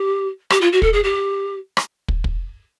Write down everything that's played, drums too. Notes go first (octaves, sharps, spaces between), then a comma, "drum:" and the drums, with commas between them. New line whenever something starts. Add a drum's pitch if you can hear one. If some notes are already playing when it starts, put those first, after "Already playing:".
Already playing: G4
G4, drum: rim click
F4
F#4
A4, drum: kick
G#4
G4
drum: rim click
drum: kick
drum: kick